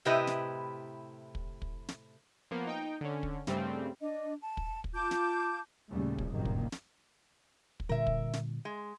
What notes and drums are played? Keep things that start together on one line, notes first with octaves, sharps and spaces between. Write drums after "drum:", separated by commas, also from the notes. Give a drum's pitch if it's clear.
A2 C3 E4 G4 B4 D#5
drum: snare
drum: kick
drum: kick
drum: snare
F3 A#3 B3
D#4 G5
D3 C#4
drum: kick
G2 C#3 G3 A3 C4, drum: snare
D4 D#5
A5
drum: kick
drum: kick
F4 A5 D6 G6
drum: snare
D#2 A#2 C#3 G3 A3 C#4
drum: kick
F#1 C2 G2 A#2 D#3 A#3
drum: kick
drum: snare
drum: kick
A#2 D3 G3 A#4 E5
drum: kick
drum: snare
G#3